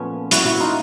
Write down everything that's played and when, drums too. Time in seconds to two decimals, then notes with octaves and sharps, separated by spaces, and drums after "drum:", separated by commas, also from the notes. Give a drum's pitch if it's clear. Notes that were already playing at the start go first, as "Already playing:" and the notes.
Already playing: A#2 F3 A3 B3 C#4
0.31 E4 F#4, drum: hi-hat
0.45 E4 F#4
0.60 D#4 F4